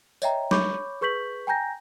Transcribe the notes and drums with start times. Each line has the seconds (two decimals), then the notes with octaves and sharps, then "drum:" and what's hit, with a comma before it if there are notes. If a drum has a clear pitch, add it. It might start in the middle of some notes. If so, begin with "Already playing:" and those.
0.22 C#5 D#5 E5 G5 A#5, drum: tambourine
0.51 C#5 B5 C#6 D6 G6, drum: snare
1.01 G#4 B4 C#6 G6 B6 F#7
1.47 G5 G#5 A#5 G6 A#6